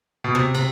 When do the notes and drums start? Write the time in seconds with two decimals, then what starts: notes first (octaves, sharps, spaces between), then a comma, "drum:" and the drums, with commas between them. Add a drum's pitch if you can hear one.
0.24 B2
0.35 C3, drum: rim click
0.55 C3, drum: cymbal